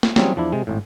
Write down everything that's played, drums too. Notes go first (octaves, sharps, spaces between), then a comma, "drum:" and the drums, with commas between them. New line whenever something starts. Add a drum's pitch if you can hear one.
drum: snare
E3 F#3 G3 C4 C#4 G#4, drum: snare
E2 F3 D4 E4
C3 G#3
G#1 A2